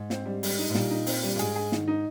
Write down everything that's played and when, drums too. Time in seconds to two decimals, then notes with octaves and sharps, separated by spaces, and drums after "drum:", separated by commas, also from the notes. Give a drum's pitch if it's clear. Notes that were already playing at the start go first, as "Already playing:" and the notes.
Already playing: G#2
0.10 C4, drum: snare
0.26 G3
0.43 G3, drum: open hi-hat
0.58 D#4
0.70 G#2
0.75 A#2 G3, drum: snare
0.90 D#4
1.06 C4, drum: open hi-hat
1.23 G3
1.36 G2
1.39 G#2 G#4, drum: hi-hat
1.56 G#4
1.72 D#3, drum: snare
1.88 D#4